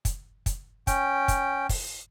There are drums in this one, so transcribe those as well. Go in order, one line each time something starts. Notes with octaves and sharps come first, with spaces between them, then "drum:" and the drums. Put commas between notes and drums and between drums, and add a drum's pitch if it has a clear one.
drum: kick, hi-hat
drum: kick, hi-hat
C#4 G5, drum: kick, hi-hat
drum: kick, hi-hat
drum: kick, open hi-hat